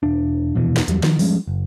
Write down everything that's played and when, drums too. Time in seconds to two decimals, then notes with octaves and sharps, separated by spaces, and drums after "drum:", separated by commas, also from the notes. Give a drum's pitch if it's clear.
0.03 E1 D4
0.55 D#1 F2 B2 E3
0.77 drum: snare
0.88 E2 F#3 G3, drum: hi-hat
1.03 D#3 F3, drum: snare
1.19 F3 G3 G#3 C#4, drum: open hi-hat
1.47 F#1